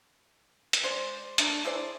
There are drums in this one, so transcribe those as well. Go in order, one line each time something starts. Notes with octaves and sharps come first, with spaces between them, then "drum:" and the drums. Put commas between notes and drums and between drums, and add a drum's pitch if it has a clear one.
drum: hi-hat
G#3 C5 D5
A3 D4 A#4, drum: hi-hat
E4 G#4 C5 D5